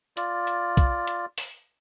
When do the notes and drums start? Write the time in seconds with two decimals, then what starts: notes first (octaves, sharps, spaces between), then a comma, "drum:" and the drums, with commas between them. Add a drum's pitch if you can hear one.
0.17 F4 D5, drum: hi-hat
0.47 drum: hi-hat
0.77 drum: kick, hi-hat
1.07 drum: hi-hat
1.38 drum: open hi-hat